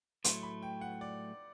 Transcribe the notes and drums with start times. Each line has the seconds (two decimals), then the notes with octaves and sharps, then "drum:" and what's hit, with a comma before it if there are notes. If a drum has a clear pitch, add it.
0.24 A2 F#3 A3 C6, drum: hi-hat
0.43 B5
0.62 G5
0.81 F#5
1.01 D5